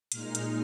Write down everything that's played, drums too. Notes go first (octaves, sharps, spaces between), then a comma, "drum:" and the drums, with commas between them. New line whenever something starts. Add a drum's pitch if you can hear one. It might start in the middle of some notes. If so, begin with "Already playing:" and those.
A#2 G#3 D#4 F6, drum: hi-hat
drum: hi-hat